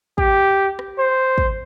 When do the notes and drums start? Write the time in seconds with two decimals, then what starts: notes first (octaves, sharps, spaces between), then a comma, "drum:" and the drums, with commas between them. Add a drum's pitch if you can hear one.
0.18 G4, drum: kick
0.79 drum: rim click
0.98 C5
1.38 drum: kick